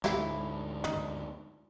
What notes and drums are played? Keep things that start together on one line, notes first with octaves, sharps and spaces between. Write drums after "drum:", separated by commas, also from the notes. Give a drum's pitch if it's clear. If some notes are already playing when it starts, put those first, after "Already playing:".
D2 G#2 E4 F#4 G4 F5, drum: snare
D#4, drum: tom